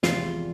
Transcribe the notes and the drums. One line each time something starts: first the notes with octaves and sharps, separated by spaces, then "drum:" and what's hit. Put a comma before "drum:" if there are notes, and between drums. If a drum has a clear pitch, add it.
E2 C3 F3 G#3 F4, drum: snare